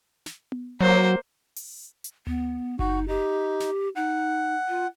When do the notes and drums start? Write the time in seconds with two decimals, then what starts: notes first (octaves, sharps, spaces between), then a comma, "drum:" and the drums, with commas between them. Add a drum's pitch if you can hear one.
0.26 drum: snare
0.52 drum: tom B3
0.81 F#3 A#3 C5
1.56 drum: open hi-hat
2.04 drum: hi-hat
2.27 B3, drum: tom D2
2.79 D#4 F#4, drum: kick F#1
3.08 D#4 G4
3.60 drum: snare
3.96 D#4 F#5
4.68 F4